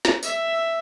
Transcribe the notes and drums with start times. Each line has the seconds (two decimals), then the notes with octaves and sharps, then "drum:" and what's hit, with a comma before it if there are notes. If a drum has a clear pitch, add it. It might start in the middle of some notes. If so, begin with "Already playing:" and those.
0.05 drum: snare
0.23 E5, drum: tambourine